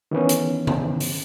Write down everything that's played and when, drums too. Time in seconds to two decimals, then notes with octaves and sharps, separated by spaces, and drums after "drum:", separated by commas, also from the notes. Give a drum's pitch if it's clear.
0.11 D#3 E3 B3 C#4
0.29 drum: hi-hat
0.67 drum: tom C#3
1.00 drum: open hi-hat